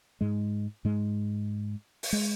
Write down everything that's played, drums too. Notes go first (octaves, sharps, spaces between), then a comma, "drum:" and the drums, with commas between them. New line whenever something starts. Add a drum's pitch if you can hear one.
G#2 G#3
G#2 G#3
drum: open hi-hat
G#3